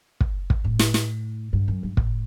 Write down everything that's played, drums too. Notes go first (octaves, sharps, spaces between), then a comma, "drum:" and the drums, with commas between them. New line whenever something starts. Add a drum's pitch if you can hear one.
drum: kick
drum: kick
A2
drum: snare
drum: snare
G2
F#2
G2
A2, drum: kick